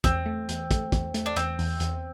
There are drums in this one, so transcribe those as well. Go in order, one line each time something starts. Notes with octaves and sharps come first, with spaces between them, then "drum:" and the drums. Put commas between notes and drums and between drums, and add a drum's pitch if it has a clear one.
E2 C4, drum: kick, hi-hat
A3
E2, drum: hi-hat
A3, drum: kick, hi-hat
E2, drum: kick, hi-hat
A3, drum: hi-hat
D4
E2 C4, drum: hi-hat
E2, drum: open hi-hat
E2, drum: hi-hat